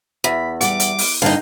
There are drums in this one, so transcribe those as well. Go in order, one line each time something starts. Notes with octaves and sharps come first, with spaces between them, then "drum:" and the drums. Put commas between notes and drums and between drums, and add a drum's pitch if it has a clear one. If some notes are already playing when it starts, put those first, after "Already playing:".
E2 B5
G3 F#5 D6, drum: hi-hat
drum: hi-hat
drum: open hi-hat
G2 D3 D#4 D#5 F5